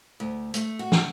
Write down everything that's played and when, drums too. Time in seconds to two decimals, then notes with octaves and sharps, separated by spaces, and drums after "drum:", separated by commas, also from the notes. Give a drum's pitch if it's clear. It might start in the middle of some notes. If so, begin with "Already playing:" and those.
0.20 D2
0.54 A3, drum: hi-hat
0.79 F#4
0.92 drum: snare